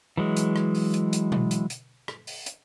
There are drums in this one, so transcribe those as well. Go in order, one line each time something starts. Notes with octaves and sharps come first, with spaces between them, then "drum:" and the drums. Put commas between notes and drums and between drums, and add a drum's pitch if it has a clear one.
E3 F#3 G#3
drum: hi-hat
drum: rim click
drum: open hi-hat
drum: hi-hat
drum: hi-hat
drum: tom B2
drum: hi-hat
drum: hi-hat
drum: rim click
drum: open hi-hat
drum: hi-hat